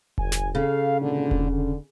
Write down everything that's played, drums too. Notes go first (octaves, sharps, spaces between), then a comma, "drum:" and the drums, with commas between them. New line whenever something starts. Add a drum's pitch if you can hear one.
G1 G#5, drum: kick E1
drum: snare
C#3 A4 F5
G#1 A#2 D3
drum: kick E1
D3